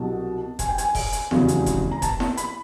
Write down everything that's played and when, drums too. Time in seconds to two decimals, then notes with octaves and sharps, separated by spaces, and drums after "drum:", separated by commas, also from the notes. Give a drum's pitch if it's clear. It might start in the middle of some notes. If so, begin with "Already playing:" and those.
Already playing: C2 B2 F#3 A5
0.59 G#5, drum: kick F1, hi-hat
0.68 G5
0.78 G#5, drum: hi-hat
0.95 drum: kick F1, open hi-hat
1.13 drum: hi-hat
1.31 F1 E2 C#3 F#3, drum: snare E4
1.48 drum: hi-hat
1.66 drum: kick F1, hi-hat
1.91 A#5
2.02 A5, drum: kick F1, hi-hat
2.20 drum: snare E4
2.37 B5, drum: hi-hat